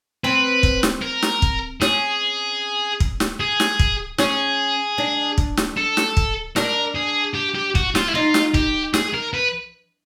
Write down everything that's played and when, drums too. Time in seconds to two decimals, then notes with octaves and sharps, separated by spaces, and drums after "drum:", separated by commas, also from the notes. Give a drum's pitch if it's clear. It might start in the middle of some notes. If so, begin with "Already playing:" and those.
0.24 C4 B4
0.63 drum: kick
0.83 drum: snare
1.02 A#4
1.22 drum: snare
1.42 drum: kick
1.81 C#4 G#4, drum: snare
3.00 drum: kick
3.20 drum: snare
3.40 G#4
3.60 drum: snare
3.79 drum: kick
4.18 C#4 G#4, drum: snare
4.98 D4
5.38 drum: kick
5.57 drum: snare
5.77 A4
5.97 drum: snare
6.17 drum: kick
6.56 D4 A#4, drum: snare
6.96 G#4
7.35 G4
7.55 G4
7.75 F#4, drum: kick
7.95 F4, drum: snare
8.08 E4
8.14 D#4 F4
8.34 drum: snare
8.54 G4, drum: kick
8.94 G#4, drum: snare
9.14 A#4
9.34 B4